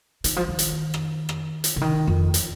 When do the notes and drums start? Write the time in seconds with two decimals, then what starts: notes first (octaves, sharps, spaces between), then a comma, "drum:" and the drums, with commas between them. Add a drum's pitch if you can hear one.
0.24 D#3, drum: hi-hat
0.36 F3
0.48 D#3
0.59 drum: hi-hat
0.94 drum: rim click
1.29 drum: rim click
1.64 drum: hi-hat
1.76 C#3
1.81 D#3
2.07 F2
2.34 drum: hi-hat